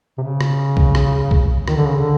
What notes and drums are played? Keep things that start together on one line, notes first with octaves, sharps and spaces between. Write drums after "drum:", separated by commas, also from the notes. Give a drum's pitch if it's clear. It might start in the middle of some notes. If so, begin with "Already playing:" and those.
C3
C#3
drum: rim click
drum: kick B1
drum: rim click
drum: kick B1
D#3, drum: rim click
D3
C#3
D3